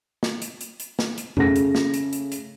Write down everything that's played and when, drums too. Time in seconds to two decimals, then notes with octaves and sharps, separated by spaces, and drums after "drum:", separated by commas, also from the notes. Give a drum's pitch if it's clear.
0.23 drum: snare
0.42 drum: hi-hat
0.61 drum: hi-hat
0.80 drum: hi-hat
0.99 drum: snare
1.18 drum: hi-hat
1.37 C#3 A3 A#6, drum: tom F2
1.56 drum: hi-hat
1.75 drum: snare
1.94 drum: hi-hat
2.13 drum: hi-hat
2.32 drum: hi-hat